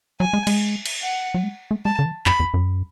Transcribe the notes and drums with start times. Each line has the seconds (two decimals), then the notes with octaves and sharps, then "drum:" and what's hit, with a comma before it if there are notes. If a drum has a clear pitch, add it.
0.20 F#3 G#5
0.33 G#3
0.47 G#3, drum: cymbal
0.86 drum: cymbal
1.02 F#5
1.34 F#3
1.43 G#3
1.71 A3
1.85 G#3 A5
1.99 D3
2.05 E3
2.26 F#2 B5, drum: clap
2.40 E2
2.54 F#2